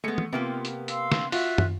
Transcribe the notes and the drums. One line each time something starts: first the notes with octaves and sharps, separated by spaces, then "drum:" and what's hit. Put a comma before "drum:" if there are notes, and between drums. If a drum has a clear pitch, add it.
G#3 A3 B3 C#7
drum: tom
C3 A#3 B3 F4 G4
drum: hi-hat
F5 C6 E6, drum: hi-hat
drum: snare
F4 F#4 E5 F#6, drum: open hi-hat
drum: tom